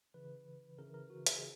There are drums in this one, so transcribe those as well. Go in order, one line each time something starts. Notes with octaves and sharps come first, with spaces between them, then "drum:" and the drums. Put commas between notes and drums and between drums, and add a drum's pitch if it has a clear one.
C#3 E3 B4
C#3 E3 A#4
A#4
F#4
G#4, drum: hi-hat